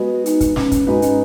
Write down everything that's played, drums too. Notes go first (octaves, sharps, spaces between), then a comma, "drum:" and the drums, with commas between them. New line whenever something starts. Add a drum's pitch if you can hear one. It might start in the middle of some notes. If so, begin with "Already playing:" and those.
Already playing: G#3 B3 F#4 G#4 B4 D#5
D#4, drum: hi-hat
drum: kick, hi-hat
C#4, drum: snare
drum: kick, hi-hat
G#2 G#3 D#4 F#4 B4 D#5
C#4, drum: hi-hat